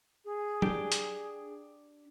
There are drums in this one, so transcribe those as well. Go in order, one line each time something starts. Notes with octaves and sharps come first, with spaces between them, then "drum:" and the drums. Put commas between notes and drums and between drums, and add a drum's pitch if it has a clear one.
G#4
D4 G4, drum: tom F#3
drum: hi-hat